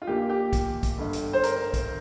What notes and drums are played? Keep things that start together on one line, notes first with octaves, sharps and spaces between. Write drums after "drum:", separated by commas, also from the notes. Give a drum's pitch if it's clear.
F4
A#1 A#2 A#3 G4
G4
drum: kick, hi-hat
drum: kick, hi-hat
G1 G2 D3
drum: hi-hat
C5
A#4, drum: hi-hat
drum: kick, hi-hat